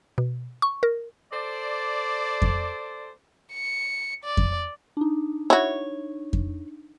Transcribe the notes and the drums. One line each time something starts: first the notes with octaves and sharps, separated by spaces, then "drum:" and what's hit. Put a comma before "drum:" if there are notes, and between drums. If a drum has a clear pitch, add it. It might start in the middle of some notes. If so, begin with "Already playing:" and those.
B2
C#6
A#4
A4 C5 D5
drum: kick F2
C#7
D5
drum: kick F2
D4 D#4
E4 F#4 C#5
drum: kick F2